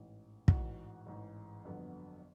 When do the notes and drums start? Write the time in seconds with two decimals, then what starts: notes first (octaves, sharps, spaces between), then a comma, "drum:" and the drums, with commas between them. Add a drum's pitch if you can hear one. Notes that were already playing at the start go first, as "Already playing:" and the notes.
Already playing: A1 G#2 E3
0.48 A1 G#2 E3 F#4, drum: kick
1.06 A1 G#2 E3
1.65 G1 F2 D3 F#3 B3